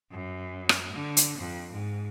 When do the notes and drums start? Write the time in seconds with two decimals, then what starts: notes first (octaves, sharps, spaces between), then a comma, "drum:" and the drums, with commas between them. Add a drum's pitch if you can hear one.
0.11 F#2
0.69 drum: rim click
0.93 D3
1.17 drum: hi-hat
1.38 F2
1.72 G#2